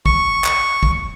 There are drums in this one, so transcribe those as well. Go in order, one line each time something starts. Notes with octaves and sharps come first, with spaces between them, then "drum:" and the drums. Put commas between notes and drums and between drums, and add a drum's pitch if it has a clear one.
C#6, drum: kick
drum: clap
drum: kick